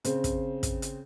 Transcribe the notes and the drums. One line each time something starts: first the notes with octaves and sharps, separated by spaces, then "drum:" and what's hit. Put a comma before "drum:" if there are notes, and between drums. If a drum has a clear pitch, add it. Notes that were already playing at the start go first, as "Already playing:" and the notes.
C#3 C4, drum: hi-hat
drum: kick, hi-hat
drum: kick, hi-hat
drum: hi-hat